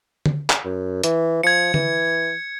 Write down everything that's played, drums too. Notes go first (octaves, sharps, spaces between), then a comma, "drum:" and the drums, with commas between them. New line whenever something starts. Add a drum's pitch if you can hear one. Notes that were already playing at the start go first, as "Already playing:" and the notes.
drum: tom D3
drum: clap
F#2
E3, drum: hi-hat
F3 G#6 C#7
E3, drum: tom D3